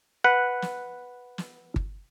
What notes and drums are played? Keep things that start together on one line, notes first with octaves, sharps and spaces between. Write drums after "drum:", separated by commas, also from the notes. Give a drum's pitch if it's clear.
B4 F#5
drum: snare
drum: snare
drum: kick G1